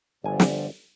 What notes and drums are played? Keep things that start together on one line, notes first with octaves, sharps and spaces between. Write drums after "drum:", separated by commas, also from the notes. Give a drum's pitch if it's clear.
G1 D3 F3 G3 G#5
drum: snare